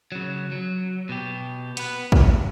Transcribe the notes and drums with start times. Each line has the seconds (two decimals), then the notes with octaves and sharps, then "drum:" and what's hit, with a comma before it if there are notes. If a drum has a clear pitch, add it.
0.12 C#3 F#3
0.52 F#3
1.09 B2 G4
1.77 B3 B4, drum: hi-hat
2.12 drum: kick
2.24 A2